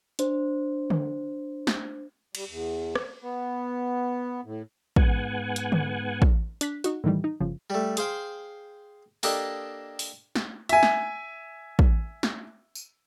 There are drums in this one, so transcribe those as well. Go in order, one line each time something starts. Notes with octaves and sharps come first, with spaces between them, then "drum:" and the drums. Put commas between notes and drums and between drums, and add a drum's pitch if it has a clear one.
D4 C5, drum: hi-hat
drum: tom D3
drum: snare
G3, drum: cymbal
E2
drum: rim click
B3
A2
G#2 B3 F#5 G#5, drum: kick
drum: hi-hat
drum: tom D3
drum: kick
D4 F#6 B6, drum: hi-hat
D#4 F#4, drum: hi-hat
A2 D#3 E3 G3
D#4
G1 C#3 F3
G3 A3
G#4 C5 F5 G5, drum: hi-hat
A#3 D4 G4 A4 D#5 A5, drum: open hi-hat
drum: open hi-hat
drum: snare
E5 G#5, drum: hi-hat
drum: snare
drum: kick
drum: snare
drum: tambourine